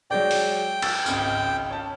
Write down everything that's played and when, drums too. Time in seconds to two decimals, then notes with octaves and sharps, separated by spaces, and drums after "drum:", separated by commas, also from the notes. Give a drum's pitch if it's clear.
0.11 F#3 G#3 D5 G5
0.31 drum: open hi-hat
0.82 E6 A6, drum: cymbal
1.06 G#1 C#2 F6, drum: tambourine
1.70 C#4 A5